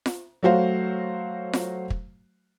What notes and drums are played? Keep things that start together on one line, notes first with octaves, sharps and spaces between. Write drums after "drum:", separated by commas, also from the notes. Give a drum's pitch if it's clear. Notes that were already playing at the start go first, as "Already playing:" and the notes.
drum: snare F4
F#3 A3 F#4 C5 F5
drum: snare F4
drum: kick